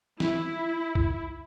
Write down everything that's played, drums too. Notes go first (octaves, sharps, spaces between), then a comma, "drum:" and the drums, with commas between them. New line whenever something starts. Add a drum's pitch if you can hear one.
E4, drum: snare
drum: kick